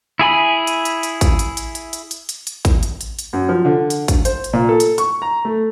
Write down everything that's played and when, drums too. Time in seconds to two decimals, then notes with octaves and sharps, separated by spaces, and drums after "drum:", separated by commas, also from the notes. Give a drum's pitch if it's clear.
0.19 E4 G#4 G#5 B5
0.67 drum: hi-hat
0.85 drum: hi-hat
1.03 drum: hi-hat
1.21 drum: kick, hi-hat
1.39 drum: hi-hat
1.57 drum: hi-hat
1.75 drum: hi-hat
1.93 drum: hi-hat
2.11 drum: hi-hat
2.29 drum: hi-hat
2.47 drum: hi-hat
2.65 drum: kick, hi-hat
2.83 drum: hi-hat
3.01 drum: hi-hat
3.19 drum: hi-hat
3.33 F#2
3.49 F3
3.65 D3
3.90 drum: hi-hat
4.08 drum: kick, hi-hat
4.25 C5, drum: hi-hat
4.44 drum: hi-hat
4.53 A#2
4.69 A4
4.80 drum: hi-hat
4.98 C#6, drum: hi-hat
5.22 A#5
5.45 A3